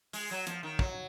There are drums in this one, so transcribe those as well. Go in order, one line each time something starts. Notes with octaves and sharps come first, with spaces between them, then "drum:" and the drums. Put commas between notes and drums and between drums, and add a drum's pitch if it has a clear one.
G#3, drum: open hi-hat
F#3
F3, drum: hi-hat
D#3
F#3, drum: kick